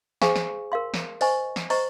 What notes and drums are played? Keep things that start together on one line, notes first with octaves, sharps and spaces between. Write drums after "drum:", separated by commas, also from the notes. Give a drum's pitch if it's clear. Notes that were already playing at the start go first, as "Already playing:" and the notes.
G#4 C5 F5 G#5 C#6, drum: snare
drum: snare
A#4 F5 C6
drum: snare
C5 D#5 G#5 C#6, drum: open hi-hat
drum: snare
C5 D#5 A#5 C#6, drum: open hi-hat